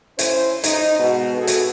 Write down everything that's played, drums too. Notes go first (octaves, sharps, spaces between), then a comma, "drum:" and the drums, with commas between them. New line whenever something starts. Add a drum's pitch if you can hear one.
C#4 E4 C5, drum: hi-hat
D#4, drum: hi-hat
G#2 B2
B2 B3 F#4 G#4 A4
drum: hi-hat